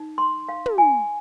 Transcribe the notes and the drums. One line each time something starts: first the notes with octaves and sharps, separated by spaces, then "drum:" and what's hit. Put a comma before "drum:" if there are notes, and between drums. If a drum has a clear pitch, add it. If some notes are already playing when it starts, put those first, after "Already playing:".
Already playing: D#4
C6
F5
drum: tom
G#5